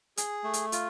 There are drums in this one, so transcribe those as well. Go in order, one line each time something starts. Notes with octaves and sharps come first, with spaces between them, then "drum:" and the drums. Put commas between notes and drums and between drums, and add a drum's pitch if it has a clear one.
G#4, drum: hi-hat
A3
drum: hi-hat
F4, drum: hi-hat